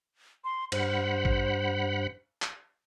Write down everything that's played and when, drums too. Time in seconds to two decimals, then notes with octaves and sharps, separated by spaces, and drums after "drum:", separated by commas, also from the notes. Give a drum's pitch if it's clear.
0.44 C6
0.72 G2 C5 F#5 B5, drum: cymbal
1.25 drum: kick A1
2.42 drum: clap